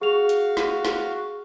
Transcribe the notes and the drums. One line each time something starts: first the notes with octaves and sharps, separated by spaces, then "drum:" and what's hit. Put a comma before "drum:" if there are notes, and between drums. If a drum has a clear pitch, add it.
F#4 G#4 F5 F7
drum: hi-hat
drum: snare
drum: snare